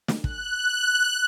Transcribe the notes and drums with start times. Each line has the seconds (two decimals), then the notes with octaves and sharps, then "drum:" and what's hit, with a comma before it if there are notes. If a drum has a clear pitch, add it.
0.08 drum: snare
0.24 F#6, drum: kick